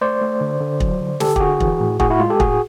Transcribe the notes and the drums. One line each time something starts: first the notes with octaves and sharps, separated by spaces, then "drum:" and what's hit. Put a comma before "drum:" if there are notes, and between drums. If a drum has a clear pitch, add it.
A3 C5 D5
A3
D3
D3
F#3, drum: kick
D3
D3 G4 A4, drum: snare
G4, drum: kick
D3 F#4 G#4
E3, drum: kick
A2
A2 F#4 G#4, drum: kick
E4 F#4
G#3 F4
G4 A4
A2 F#4 G#4, drum: kick